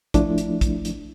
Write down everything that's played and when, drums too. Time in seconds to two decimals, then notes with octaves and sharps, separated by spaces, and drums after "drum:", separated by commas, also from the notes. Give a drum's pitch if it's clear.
0.14 F3 A3 D4 E4, drum: kick, hi-hat
0.38 drum: hi-hat
0.61 drum: kick, hi-hat
0.85 drum: hi-hat